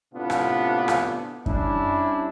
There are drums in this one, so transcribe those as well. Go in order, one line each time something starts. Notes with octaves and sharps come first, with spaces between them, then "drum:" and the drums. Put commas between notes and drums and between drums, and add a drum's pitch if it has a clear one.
A2 C3 B3 D4 F4
drum: rim click
drum: rim click
G3 C#4 D4 E4, drum: kick F#2